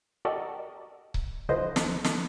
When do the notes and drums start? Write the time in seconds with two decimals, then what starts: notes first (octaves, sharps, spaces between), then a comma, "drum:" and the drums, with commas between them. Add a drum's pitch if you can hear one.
0.25 F#4 G4 A4 A#4 D5 D#5
1.14 drum: kick C#1
1.49 C2 D3 F3 B4 C5 D#5
1.76 drum: snare
2.04 drum: snare